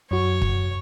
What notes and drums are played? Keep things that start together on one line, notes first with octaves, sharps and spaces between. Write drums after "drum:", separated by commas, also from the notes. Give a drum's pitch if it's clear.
F#2 F#4 C#5
drum: kick